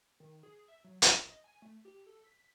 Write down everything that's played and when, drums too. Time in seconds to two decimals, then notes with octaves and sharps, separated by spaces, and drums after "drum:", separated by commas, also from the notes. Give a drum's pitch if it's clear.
0.20 D#3
0.43 G#4
0.68 E5
0.84 F#3
1.02 F4, drum: hi-hat
1.22 D#5
1.44 G#5
1.62 A3
1.85 G4
2.06 A4
2.24 B6